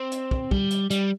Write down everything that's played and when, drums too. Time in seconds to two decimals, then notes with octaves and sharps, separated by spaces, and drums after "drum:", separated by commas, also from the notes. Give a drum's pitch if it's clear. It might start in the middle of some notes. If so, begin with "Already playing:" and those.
Already playing: C4
0.12 drum: hi-hat
0.31 drum: kick
0.51 G3, drum: kick
0.71 drum: hi-hat
0.90 G3, drum: hi-hat